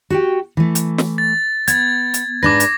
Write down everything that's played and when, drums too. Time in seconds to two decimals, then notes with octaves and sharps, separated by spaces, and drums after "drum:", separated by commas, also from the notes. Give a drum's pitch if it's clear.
0.10 F#4 G4 G5
0.57 E3 A3
0.75 drum: hi-hat
0.98 drum: snare
1.18 A6
1.68 B3 G#6 A6, drum: hi-hat
2.14 drum: hi-hat
2.43 G#2 D4 B4 D6 A#6
2.60 drum: hi-hat